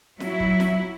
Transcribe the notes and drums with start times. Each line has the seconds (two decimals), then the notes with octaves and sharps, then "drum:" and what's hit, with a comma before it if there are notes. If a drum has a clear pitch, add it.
0.20 F#3 E4, drum: snare
0.40 drum: kick
0.60 drum: snare